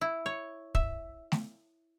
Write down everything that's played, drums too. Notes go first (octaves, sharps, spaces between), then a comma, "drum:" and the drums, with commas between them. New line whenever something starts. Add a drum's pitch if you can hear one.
E4
C#5
E5, drum: kick
drum: snare A3